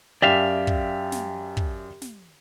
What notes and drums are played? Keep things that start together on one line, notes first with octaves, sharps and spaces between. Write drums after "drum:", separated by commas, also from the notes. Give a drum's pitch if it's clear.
F#2 G4 D5 E5 F5
drum: kick
drum: snare
drum: kick
drum: snare